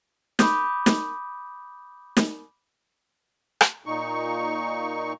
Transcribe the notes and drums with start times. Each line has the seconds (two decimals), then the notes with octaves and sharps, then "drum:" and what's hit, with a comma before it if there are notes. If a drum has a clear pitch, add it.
0.39 B5 D6 D#6 G6, drum: snare
0.86 drum: snare
2.17 drum: snare
3.61 drum: rim click
3.86 A#2 D#4 C#6